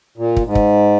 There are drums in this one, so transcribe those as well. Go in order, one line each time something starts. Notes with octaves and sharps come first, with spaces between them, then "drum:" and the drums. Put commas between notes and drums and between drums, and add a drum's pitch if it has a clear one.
A#2
drum: kick
G#2
drum: kick